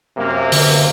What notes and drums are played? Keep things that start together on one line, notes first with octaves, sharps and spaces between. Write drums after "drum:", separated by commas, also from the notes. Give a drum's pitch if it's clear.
F#2 C3 A#3
D3, drum: open hi-hat